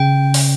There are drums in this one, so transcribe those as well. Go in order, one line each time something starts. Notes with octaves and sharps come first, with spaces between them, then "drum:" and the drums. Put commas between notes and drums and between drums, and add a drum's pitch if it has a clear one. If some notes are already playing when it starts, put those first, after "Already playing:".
Already playing: C#3 G5
drum: open hi-hat